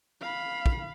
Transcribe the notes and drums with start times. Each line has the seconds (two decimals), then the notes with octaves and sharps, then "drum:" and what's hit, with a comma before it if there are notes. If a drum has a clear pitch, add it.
0.21 F5 B5
0.66 drum: kick